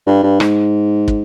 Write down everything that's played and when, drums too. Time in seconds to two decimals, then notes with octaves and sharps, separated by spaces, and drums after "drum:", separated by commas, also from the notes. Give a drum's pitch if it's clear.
0.07 G2
0.23 G2
0.40 G#2, drum: rim click
1.08 drum: kick